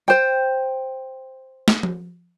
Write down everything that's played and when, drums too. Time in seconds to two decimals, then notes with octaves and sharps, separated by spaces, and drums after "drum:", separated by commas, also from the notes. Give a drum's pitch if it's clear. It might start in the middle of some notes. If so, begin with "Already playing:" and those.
0.08 C5 G5
1.68 drum: snare
1.83 drum: tom F3